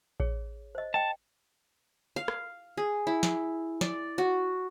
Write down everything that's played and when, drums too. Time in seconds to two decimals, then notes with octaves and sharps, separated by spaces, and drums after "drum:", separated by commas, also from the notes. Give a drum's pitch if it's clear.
0.20 G#4 C#5, drum: kick A1
0.75 C5 D#5
0.94 D#5 G5 A5
2.16 F5
2.28 drum: rim click
2.77 G#4
3.07 E4
3.23 drum: snare
3.81 D5, drum: snare
4.18 F#4